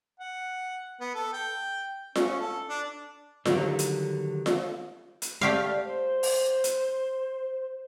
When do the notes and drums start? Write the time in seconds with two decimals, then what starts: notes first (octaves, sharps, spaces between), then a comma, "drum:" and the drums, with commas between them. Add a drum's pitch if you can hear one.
0.20 F#5
1.00 B3
1.15 A4
1.34 G5
2.15 C#4, drum: snare F4
2.40 A4
2.70 D4
3.45 D3 D#3 F#3 G3, drum: snare F4
3.79 drum: hi-hat
4.46 drum: snare F4
5.22 drum: hi-hat
5.41 A3 G4 D5 F5
5.85 C5
6.23 drum: open hi-hat
6.64 drum: hi-hat